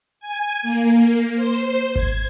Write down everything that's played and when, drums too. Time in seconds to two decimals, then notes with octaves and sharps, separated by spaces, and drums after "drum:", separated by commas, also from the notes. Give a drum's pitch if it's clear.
0.20 G#5
0.63 A#3
1.35 C5
1.54 drum: hi-hat
1.96 G#6, drum: kick G#1